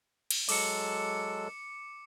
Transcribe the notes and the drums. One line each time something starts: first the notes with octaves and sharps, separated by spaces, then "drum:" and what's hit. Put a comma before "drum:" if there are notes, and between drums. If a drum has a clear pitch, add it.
drum: cymbal
F#3 G#3 A4 D6 C#7, drum: cymbal